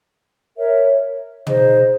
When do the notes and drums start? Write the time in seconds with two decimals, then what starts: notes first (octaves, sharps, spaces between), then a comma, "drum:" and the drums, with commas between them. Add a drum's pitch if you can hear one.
0.55 A#4 C#5 E5
1.47 D#4 G#4 C5 D#5, drum: tom